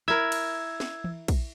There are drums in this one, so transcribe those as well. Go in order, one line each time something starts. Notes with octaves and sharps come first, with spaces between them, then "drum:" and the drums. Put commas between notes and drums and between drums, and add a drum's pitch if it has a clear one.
E4 A#4 E6 G#6
drum: cymbal
drum: snare
drum: tom E3
drum: kick, cymbal